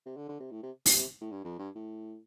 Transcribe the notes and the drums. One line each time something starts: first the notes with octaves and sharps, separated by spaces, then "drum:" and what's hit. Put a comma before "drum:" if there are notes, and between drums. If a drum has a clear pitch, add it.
C3
D3
D3
C3
A2
C3
C3, drum: open hi-hat
C3
A2
G2
F2
G2
A2